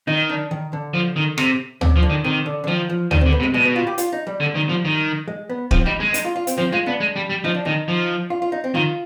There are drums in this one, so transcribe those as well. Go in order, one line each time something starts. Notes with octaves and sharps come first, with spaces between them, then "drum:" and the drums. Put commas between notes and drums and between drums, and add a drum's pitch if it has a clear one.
D#3 D#4
D4
D#3
D3
F3
D#3
C3, drum: rim click
C3, drum: tom
F3
D3
D#3
C3 D#3
D3
D3
D#3 F3
F3
D#3 G3, drum: tom
C4
D3
B3
C3
G#3
B2 G#3
B3
F4
G4
F4, drum: hi-hat
D#4
G3
D3
D#3
F3
D#3
G#3
B3
F3 C4, drum: kick
G3 D#4
G#3
D#4, drum: hi-hat
F4
F4
C4, drum: hi-hat
F3 C4
G#3 F4
B3 D4
G#3
G3
G3
F3 D#4
D4
D#3 D#4
F3
F4
F4
D#4
C4
D#3 F4